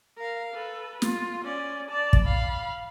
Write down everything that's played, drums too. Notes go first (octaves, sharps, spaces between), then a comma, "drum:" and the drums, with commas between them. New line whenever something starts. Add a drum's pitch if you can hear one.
A#4 F5
A4 B4
F4, drum: snare
C#4 D5
D5 A5
drum: kick
F5 B5